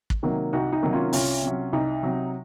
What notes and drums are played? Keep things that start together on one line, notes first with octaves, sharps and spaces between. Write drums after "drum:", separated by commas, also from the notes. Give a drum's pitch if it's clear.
drum: kick
C3 D#3 F#3 A#3
C2 D#4 F#4
D#4
C3 D#3 F#3 A#3
C#4 F4
C2 C#4 F4, drum: open hi-hat
C3 F#3
C2 D#4
C3 F#3